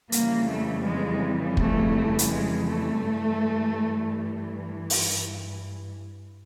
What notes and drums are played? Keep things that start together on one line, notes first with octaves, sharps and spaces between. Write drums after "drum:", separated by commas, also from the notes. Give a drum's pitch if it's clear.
F2 C#3 E3 G3 A#3, drum: hi-hat
A3
G#3
A3, drum: kick
drum: hi-hat
G#3
A3
G2 E3 G3
drum: open hi-hat